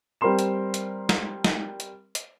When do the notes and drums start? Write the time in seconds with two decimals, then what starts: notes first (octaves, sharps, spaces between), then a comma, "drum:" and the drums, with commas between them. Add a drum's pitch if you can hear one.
0.21 G3 C4 A#4 B5 C6 E7
0.39 drum: hi-hat
0.74 drum: hi-hat
1.09 drum: snare
1.44 drum: snare
1.80 drum: hi-hat
2.15 drum: hi-hat